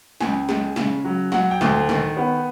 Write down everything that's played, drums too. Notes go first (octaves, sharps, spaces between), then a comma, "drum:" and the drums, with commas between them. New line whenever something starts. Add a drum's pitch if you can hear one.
C#2 G#5, drum: snare
G#3, drum: snare
C#3, drum: snare
F#3
F#3 F#5, drum: snare
G5
D2, drum: snare
D#3, drum: snare
B3